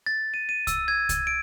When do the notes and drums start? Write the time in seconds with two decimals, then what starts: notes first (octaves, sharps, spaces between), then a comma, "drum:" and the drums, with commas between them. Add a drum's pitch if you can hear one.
0.06 A6
0.34 D#7
0.49 D#7
0.67 E6, drum: kick C2, hi-hat
0.88 G#6
1.09 drum: kick C2, hi-hat
1.27 D7